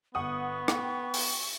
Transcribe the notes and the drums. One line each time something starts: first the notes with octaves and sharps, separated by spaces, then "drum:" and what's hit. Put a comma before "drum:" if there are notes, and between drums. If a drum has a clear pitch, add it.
G1 B3 F#5 C#6 D#6
G5, drum: rim click
drum: open hi-hat